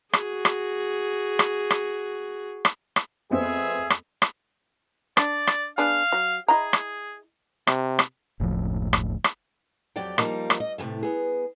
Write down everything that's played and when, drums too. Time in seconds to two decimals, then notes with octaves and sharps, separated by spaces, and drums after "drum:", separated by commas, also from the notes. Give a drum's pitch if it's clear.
0.13 F#4 G#4, drum: rim click
0.45 drum: rim click
1.39 drum: rim click
1.71 drum: rim click
2.65 drum: rim click
2.96 drum: rim click
3.31 F2 B3 C4 G#4 E5
3.90 drum: rim click
4.22 drum: rim click
5.17 D4 D5, drum: rim click
5.47 drum: rim click
5.78 B3 D4 G#4 F5
6.12 F#3
6.48 E4 G#4 D#5 A#5
6.73 drum: rim click
7.67 C3, drum: rim click
7.99 drum: rim click
8.40 F#1 D2 A2 F3
8.93 drum: rim click
9.24 drum: rim click
9.96 F2 F#3 G4 D5 G5
10.18 F3 G3 A#3 D#4, drum: rim click
10.50 drum: rim click
10.60 D#5
10.78 A2 C3 E3 G#3 A3
11.03 B3 G#4